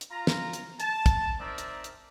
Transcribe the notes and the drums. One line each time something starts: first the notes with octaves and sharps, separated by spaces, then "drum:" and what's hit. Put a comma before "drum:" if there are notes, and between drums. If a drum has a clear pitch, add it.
drum: hi-hat
F4 A#5
drum: snare
drum: hi-hat
A5, drum: hi-hat
drum: kick, hi-hat
C4 D#4 A#4 D5 E5
drum: hi-hat
drum: hi-hat